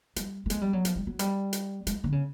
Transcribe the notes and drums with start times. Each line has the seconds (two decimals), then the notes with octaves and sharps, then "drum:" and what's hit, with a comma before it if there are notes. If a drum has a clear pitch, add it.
0.16 G3, drum: hi-hat
0.46 A3
0.50 G#3, drum: hi-hat
0.61 G3
0.73 F#3
0.85 F3, drum: hi-hat
0.96 G3
1.07 F#3
1.19 G3, drum: hi-hat
1.53 drum: hi-hat
1.87 G#3, drum: hi-hat
2.04 D3
2.12 C#3